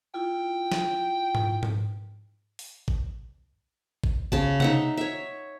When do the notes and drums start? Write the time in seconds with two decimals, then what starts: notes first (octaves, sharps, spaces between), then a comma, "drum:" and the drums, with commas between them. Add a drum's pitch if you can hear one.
0.14 E4 F4 G5
0.72 drum: snare
1.35 drum: tom G#2
1.63 drum: tom G#2
2.59 drum: open hi-hat
2.88 drum: kick
4.04 drum: kick
4.32 C#3 A5, drum: kick
4.60 D#4 E5 F#5, drum: tom C3
4.97 C#5 E5